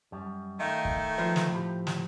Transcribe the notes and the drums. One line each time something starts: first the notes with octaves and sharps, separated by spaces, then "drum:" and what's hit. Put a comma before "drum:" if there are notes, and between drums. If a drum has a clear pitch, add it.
F#2 G3
D#3 A3 D#5 F5
drum: kick
F3 F4 B4
drum: snare
A2 G4
drum: snare